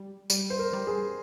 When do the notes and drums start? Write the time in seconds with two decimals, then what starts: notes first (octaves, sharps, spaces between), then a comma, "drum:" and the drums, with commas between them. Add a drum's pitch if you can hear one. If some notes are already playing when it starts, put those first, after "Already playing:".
Already playing: G3
0.30 G3, drum: tambourine
0.50 C5
0.59 A#4
0.73 G3
0.87 G#4